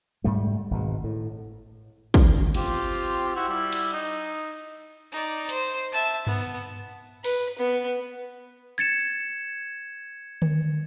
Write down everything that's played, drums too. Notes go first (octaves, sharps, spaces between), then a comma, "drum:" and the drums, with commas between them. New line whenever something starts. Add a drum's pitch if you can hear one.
G#2 G3 A3
G#1 G#2 B2
A2
drum: kick
C4 F4 G4, drum: cymbal
E4 F#4 C5
G3 E4
drum: cymbal
D#4
D#4 D5
C5, drum: hi-hat
E5 A5
B3, drum: tom G2
B4, drum: open hi-hat
B3
G#6 A6 C#7 E7
drum: tom D3